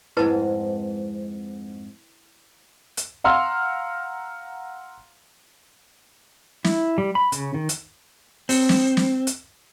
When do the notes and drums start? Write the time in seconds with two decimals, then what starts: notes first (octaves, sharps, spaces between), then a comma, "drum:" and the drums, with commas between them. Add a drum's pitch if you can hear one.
0.17 F2 G#2 C4 E4 B4 A5
2.97 drum: hi-hat
3.24 F5 F#5 A#5 C6 E6 F6
6.64 E4, drum: snare
6.98 G3
7.15 B5
7.32 C#3, drum: hi-hat
7.54 D#3
7.69 drum: hi-hat
8.49 C4, drum: open hi-hat
8.69 drum: snare
8.97 drum: snare
9.27 drum: hi-hat